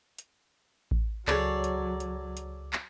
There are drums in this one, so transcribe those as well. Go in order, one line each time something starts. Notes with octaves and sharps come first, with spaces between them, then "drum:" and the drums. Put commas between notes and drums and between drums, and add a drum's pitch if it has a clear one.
drum: hi-hat
drum: kick A1
C#2 F#3 G#4 A4 C#5 D5, drum: clap
drum: hi-hat
drum: hi-hat
drum: hi-hat
drum: clap